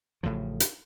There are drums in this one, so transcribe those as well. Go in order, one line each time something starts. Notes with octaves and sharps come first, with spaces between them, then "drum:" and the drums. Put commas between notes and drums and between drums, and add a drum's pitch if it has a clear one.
A1 A2 C#3 F3
drum: hi-hat